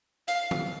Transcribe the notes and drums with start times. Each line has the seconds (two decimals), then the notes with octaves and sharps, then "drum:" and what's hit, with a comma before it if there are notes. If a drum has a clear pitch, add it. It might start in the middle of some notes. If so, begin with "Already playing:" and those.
0.28 F5, drum: hi-hat
0.51 drum: tom